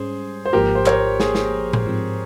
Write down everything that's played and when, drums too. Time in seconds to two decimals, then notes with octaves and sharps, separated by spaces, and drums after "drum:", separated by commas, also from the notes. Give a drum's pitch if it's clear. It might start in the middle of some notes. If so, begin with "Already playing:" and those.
Already playing: G#2 G3 C#4 G#4 C5
0.46 C5
0.53 G#1 G#2 F3 A#3 G4 A#4
0.75 C5
0.86 A#4 C#5, drum: clap
1.20 G#4 C5, drum: snare
1.35 drum: snare
1.73 drum: tom A2
1.86 G#2 F3 C4